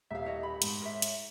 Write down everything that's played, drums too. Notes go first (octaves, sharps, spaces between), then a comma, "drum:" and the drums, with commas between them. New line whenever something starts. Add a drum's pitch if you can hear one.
D#1 E5 F5
E4 C#5 D#5
B5
G#2, drum: hi-hat
A#4 C#5 E5
drum: hi-hat